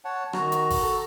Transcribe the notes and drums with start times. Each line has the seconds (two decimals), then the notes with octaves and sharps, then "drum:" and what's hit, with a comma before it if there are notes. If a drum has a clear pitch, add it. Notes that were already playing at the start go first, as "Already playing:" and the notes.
0.05 C#5 F#5 A5
0.33 D#3 F#4 A#5, drum: rim click
0.52 drum: hi-hat
0.70 drum: kick G1, open hi-hat
0.82 A4